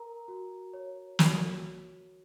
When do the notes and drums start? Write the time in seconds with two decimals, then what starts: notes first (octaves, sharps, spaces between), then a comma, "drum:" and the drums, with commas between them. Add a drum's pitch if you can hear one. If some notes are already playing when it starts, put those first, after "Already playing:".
Already playing: A#4 A#5
0.28 F#4
0.74 C#5
1.19 F#4, drum: snare